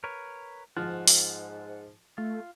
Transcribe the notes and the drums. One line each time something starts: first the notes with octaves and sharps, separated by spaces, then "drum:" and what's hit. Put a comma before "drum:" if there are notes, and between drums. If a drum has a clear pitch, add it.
A#4 B4 C#5
G#2 F3 F#5
drum: open hi-hat
A3 F4